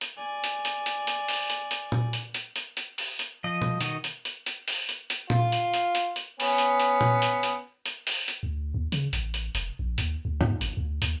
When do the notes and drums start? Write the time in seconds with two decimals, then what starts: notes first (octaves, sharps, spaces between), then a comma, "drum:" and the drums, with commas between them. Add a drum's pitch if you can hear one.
0.01 drum: hi-hat
0.18 D5 G#5
0.44 drum: hi-hat
0.65 drum: hi-hat
0.86 drum: hi-hat
1.07 drum: hi-hat
1.28 drum: open hi-hat
1.50 drum: hi-hat
1.71 drum: hi-hat
1.92 drum: tom A#2
2.13 drum: hi-hat
2.34 drum: hi-hat
2.56 drum: hi-hat
2.77 drum: hi-hat
2.98 drum: open hi-hat
3.19 drum: hi-hat
3.44 F3 D#5
3.62 drum: tom B2
3.81 D#3 F#4 D#5, drum: hi-hat
4.04 drum: hi-hat
4.25 drum: hi-hat
4.46 drum: hi-hat
4.68 drum: open hi-hat
4.89 drum: hi-hat
5.10 drum: hi-hat
5.30 F4, drum: tom A#2
5.52 drum: hi-hat
5.74 drum: hi-hat
5.95 drum: hi-hat
6.16 drum: hi-hat
6.40 B3 C#4, drum: open hi-hat
6.58 drum: hi-hat
6.80 drum: hi-hat
7.01 drum: tom A#2
7.22 drum: hi-hat
7.43 drum: hi-hat
7.86 drum: hi-hat
8.07 drum: open hi-hat
8.28 drum: hi-hat
8.43 D2
8.74 D#2
8.92 C#3, drum: hi-hat
9.13 A1, drum: hi-hat
9.34 drum: hi-hat
9.55 F1, drum: hi-hat
9.79 A#1
9.98 D#2, drum: hi-hat
10.25 D2
10.41 G#2, drum: tom
10.61 G#1, drum: hi-hat
10.77 D2
11.02 D#2, drum: hi-hat